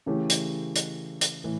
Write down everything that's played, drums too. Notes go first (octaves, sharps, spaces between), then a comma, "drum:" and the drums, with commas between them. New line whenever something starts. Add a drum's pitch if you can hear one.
C#3 E3 A3 C#4 G4
drum: hi-hat
drum: hi-hat
drum: hi-hat
A2 E3